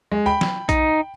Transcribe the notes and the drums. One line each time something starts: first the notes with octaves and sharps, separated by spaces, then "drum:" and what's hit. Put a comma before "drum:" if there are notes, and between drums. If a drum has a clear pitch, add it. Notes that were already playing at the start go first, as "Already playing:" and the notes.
G#3
G5 B5
drum: snare F#3
D#4, drum: kick B1, hi-hat